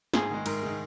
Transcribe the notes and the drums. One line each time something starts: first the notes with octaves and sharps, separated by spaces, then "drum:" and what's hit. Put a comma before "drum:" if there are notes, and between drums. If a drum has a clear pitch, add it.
G#2 G#4, drum: snare
D#3 G#3
G#2 A#4, drum: cymbal
D#3 G#3